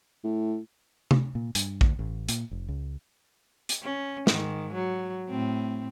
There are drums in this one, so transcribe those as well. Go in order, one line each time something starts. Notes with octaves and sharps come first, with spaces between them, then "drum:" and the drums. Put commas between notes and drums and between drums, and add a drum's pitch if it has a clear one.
A2
drum: tom C3
A#2
G2, drum: hi-hat
D2, drum: kick A#1
A1
A#2, drum: hi-hat
F1
C#2
drum: hi-hat
C#4
G#2 D#3, drum: snare
F#3
A2 C4